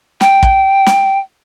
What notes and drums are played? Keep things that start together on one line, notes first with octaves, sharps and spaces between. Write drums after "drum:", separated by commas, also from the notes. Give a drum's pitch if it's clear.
G5, drum: snare
drum: kick
drum: snare